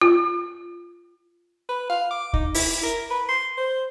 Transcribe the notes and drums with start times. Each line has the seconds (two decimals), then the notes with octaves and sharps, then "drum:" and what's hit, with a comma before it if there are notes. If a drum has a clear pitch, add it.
0.01 F4
1.69 B4
1.89 F5
2.10 D6
2.33 D#4, drum: kick
2.54 E4, drum: open hi-hat
2.83 A#4
3.10 B4
3.29 C6
3.57 C5